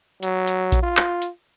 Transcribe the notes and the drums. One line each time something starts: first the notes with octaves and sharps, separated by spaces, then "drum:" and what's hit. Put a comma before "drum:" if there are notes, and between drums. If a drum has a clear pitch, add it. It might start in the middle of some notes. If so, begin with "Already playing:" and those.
F#3, drum: hi-hat
drum: hi-hat
drum: kick A#1, hi-hat
F4
drum: clap
drum: hi-hat